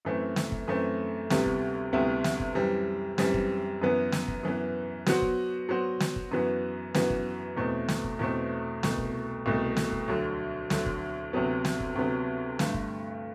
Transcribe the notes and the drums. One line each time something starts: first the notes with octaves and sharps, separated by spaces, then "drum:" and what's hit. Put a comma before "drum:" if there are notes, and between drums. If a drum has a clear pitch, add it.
F#2 E3 A3 C4
drum: snare
drum: kick
F#2 E3 A3 C4
D2 C3 G3 B3 E4, drum: snare
drum: kick
D2 C3 G3 B3 E4
drum: snare
drum: kick
F#2 E3 G3 C4
F#2 E3 G3 C4, drum: snare
drum: kick
F#2 E3 B3
drum: snare
drum: kick
F#2 E3 B3
F#3 B3 F#4 C5, drum: snare
drum: kick
F#3 B3 F#4 C5
drum: snare
drum: kick
F#2 E3 B3 F#4
F#2 E3 B3 F#4, drum: snare
drum: kick
E2 B2 A3 C4
drum: snare
drum: kick
E2 B2 A3 C4
C2 B2 A3, drum: snare
drum: kick
C2 B2 A3
drum: snare
drum: kick
D2 D3 F#3
D2 D3 F#3, drum: snare
drum: kick
D2 C3 F#3 B3
drum: snare
drum: kick
D2 C3 F#3 B3
G2 D3 A3, drum: snare
drum: kick